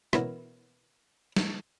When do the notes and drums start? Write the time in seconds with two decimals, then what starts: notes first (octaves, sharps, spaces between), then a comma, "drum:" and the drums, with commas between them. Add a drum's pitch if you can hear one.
0.13 B2 E3 C#4 E4 A#4, drum: rim click
1.36 drum: snare